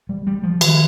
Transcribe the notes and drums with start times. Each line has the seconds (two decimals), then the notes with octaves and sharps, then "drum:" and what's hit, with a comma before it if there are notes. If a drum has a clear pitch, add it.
0.09 G3
0.27 G3
0.43 F3
0.61 D#3, drum: cymbal